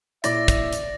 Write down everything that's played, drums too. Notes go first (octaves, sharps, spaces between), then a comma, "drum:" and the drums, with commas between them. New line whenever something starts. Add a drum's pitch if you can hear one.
A#2 E4 D5 E5 A#6, drum: hi-hat
drum: kick, hi-hat
drum: hi-hat